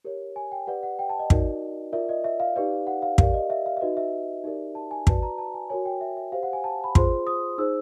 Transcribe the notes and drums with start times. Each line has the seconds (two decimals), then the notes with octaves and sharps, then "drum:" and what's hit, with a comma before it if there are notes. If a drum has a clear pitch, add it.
0.05 G4 A#4 C#5
0.36 G#5
0.52 G5
0.67 G4 B4 D5 F#5
0.83 F#5
0.99 G5
1.09 A5
1.19 D#5
1.30 D#4 F#4 A#4 D5, drum: kick
1.93 F4 A#4 D5 E5
2.09 D#5
2.24 E5
2.40 F5
2.56 D#4 G4 B4 D5
2.87 F#5
3.02 F5
3.18 G4 A#4 D5 F5, drum: kick
3.34 D#5
3.50 E5
3.66 F5
3.77 E5
3.81 D#4 F#4 B4 D#5
3.97 E5
4.44 D#4 G4 A#4 D5
4.75 A5
4.91 G#5
5.07 F#4 B4 D5 A5, drum: kick
5.23 A#5
5.38 A5
5.54 G#5
5.70 F#4 A#4 C#5 G#5
5.85 G5
6.01 E5
6.17 E5
6.32 G4 C5 F5
6.43 F#5
6.53 G#5
6.64 A5
6.84 B5
6.95 F4 G#4 C5 C6, drum: kick
7.27 D#6
7.58 D#4 G#4 C5 E6